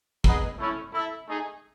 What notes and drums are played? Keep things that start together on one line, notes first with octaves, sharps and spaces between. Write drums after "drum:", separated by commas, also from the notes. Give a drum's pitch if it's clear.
D#4 G#4 B4 D#5 F#5, drum: kick
A3 C#4 E4
E4 A4 E5
A3 D#4 G#4